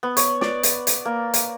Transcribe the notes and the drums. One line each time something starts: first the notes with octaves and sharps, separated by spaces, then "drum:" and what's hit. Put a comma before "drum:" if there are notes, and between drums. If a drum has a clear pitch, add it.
B3
C#5, drum: hi-hat
D5, drum: snare
drum: hi-hat
drum: hi-hat
A#3
drum: hi-hat